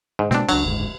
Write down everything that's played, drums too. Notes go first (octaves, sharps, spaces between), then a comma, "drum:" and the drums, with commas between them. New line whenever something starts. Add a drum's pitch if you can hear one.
G#2
B2 G#3 A#3 C4 D4, drum: snare
C#2 F#3 D4, drum: cymbal
F#1 D2 G#2